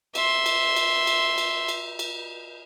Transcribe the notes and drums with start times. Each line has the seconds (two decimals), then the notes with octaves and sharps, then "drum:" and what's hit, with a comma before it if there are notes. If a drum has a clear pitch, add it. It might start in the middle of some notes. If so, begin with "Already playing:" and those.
0.15 E5 C6, drum: cymbal
0.46 drum: cymbal
0.76 drum: cymbal
1.07 drum: cymbal
1.38 drum: cymbal
1.68 drum: cymbal
1.99 drum: cymbal